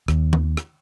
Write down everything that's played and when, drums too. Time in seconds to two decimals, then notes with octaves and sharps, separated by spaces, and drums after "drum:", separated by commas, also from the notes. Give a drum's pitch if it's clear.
0.08 D#2, drum: rim click
0.33 drum: tom D#3
0.57 drum: rim click